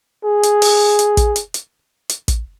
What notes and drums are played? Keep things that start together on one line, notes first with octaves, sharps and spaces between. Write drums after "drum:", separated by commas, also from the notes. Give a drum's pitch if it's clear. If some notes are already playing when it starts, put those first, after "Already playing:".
G#4
drum: hi-hat
drum: open hi-hat
drum: hi-hat
drum: kick, hi-hat
drum: hi-hat
drum: hi-hat
drum: hi-hat
drum: kick, hi-hat